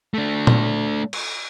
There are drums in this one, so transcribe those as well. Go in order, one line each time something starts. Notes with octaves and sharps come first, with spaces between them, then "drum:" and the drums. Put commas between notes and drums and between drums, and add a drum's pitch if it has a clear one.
A3 D4
drum: tom A#2
drum: cymbal